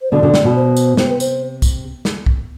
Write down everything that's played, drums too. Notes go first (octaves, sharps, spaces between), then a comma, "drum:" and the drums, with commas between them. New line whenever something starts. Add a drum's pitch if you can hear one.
C5
B2 D3 D5
B2 D3
C3, drum: snare
B2
C5
drum: tambourine
C3 C5, drum: snare
B4
C5, drum: tambourine
drum: kick, tambourine
drum: snare
drum: kick